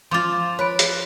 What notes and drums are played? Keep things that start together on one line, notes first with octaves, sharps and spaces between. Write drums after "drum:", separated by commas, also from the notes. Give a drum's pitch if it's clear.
F3 F4 C6 D6 A6
B4 C#5 B5 D7
drum: hi-hat